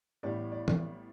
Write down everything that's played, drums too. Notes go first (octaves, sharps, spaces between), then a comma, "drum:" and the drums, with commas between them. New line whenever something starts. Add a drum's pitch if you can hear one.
A1 A2 G3 B3 D5
D5
drum: tom